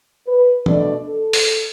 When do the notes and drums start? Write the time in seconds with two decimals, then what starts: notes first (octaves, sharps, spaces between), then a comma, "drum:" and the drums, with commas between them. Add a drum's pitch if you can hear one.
0.27 B4
0.66 B2 A3 D4 D5, drum: tom
1.06 A4
1.33 drum: open hi-hat